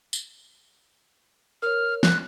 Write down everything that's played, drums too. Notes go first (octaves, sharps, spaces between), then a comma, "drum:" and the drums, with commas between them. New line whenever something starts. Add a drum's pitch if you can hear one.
drum: tambourine
A#4 C#5 F6
F#6, drum: snare